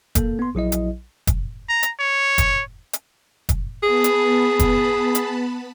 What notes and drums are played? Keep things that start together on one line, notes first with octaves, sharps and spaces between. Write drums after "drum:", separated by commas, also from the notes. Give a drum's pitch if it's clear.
A#3 A4, drum: kick, hi-hat
B3 C6
A#1 F#3 E4 D#5
drum: hi-hat
drum: kick, hi-hat
A#5
drum: hi-hat
C#5
drum: kick, hi-hat
drum: hi-hat
drum: kick, hi-hat
B3 G#4 A5 B5
drum: hi-hat
drum: kick, hi-hat
drum: hi-hat